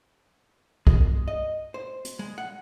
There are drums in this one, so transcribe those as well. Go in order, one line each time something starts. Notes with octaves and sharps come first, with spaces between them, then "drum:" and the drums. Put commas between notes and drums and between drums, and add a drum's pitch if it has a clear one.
G#3, drum: kick
D#5
C5
drum: hi-hat
G#3
F#5